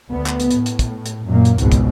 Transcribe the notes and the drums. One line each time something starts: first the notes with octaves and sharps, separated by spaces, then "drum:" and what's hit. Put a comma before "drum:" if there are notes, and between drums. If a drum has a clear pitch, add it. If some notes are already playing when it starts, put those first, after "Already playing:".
D2 B3
drum: clap
drum: hi-hat
A2, drum: hi-hat
drum: hi-hat
drum: kick, hi-hat
drum: hi-hat
F#2 A#2 A#3
drum: hi-hat
G#1 C#2 G#2 B2, drum: hi-hat
drum: kick, hi-hat